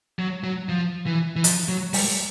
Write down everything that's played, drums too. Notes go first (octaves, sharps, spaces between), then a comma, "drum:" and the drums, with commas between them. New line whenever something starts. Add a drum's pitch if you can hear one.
F#3
F#3
F3
E3
E3
F3, drum: hi-hat
F#3
G3, drum: open hi-hat